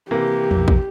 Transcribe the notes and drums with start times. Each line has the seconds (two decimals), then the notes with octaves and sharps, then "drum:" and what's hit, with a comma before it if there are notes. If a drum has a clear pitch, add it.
0.11 C3 E3 A#3 G4
0.51 B1 F2, drum: tom F3
0.68 drum: kick